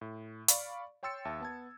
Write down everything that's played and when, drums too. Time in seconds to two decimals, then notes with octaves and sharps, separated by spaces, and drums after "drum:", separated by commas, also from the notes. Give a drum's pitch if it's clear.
0.01 A2
0.48 D5 F5 B5 C#6, drum: hi-hat
1.03 C#5 G5 C6 E6 A6 C#7
1.25 D#2 E5 A5
1.40 B3 A5 G#6